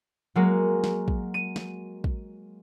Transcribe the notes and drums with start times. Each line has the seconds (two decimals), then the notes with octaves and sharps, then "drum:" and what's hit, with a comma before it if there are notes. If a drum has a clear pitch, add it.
0.35 F#3 G#3 A#3 F#4
0.84 drum: snare
1.08 drum: kick
1.34 D#7
1.56 drum: snare
2.04 drum: kick